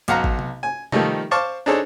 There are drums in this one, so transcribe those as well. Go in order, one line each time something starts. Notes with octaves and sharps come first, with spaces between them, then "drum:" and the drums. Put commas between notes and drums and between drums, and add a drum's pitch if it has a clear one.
B1 F#4 F5 F#5 A#5, drum: hi-hat
drum: kick G#1
drum: tom C3
G#5
D#3 F3 G3 A3 D#4, drum: tom C3
C5 F5 A5 C#6 D6
D4 D#4 G#4 A4 C5 C#5